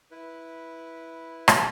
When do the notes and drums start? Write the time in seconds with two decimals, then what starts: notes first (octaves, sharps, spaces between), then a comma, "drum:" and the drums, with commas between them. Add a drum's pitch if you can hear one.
0.11 E4 B4
1.48 drum: rim click